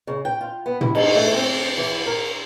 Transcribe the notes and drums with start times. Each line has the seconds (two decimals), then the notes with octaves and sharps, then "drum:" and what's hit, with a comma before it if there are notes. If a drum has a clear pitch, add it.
0.07 C#3
0.25 G5
0.41 F4
0.66 B3
0.81 E4, drum: tom
0.95 D#4, drum: cymbal
1.15 A3
1.33 C4
1.78 E3
2.06 A#4